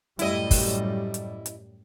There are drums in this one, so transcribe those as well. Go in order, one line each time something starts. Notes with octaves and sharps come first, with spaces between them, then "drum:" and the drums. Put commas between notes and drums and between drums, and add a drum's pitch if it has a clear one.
F#2 A2 G3 E4 D#5, drum: hi-hat
drum: kick, open hi-hat
drum: hi-hat
drum: hi-hat